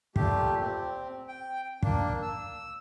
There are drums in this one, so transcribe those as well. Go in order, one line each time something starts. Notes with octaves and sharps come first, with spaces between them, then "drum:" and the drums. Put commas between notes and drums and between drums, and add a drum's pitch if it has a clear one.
A#2 A3 G4, drum: kick
C4
G5
A#3 D4, drum: kick
E6